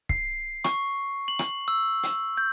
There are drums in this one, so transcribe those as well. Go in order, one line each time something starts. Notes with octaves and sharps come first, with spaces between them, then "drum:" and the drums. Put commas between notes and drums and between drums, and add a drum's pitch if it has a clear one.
C7, drum: kick C#1
C#6, drum: rim click
F#7
drum: rim click
E6
drum: hi-hat
G6